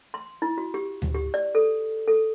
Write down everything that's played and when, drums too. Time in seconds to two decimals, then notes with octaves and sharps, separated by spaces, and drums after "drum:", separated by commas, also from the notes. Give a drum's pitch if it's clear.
0.14 C6
0.42 E4
0.58 F#4
0.74 G4
1.02 drum: tom D2
1.15 G4
1.34 D5
1.55 A4
2.08 A4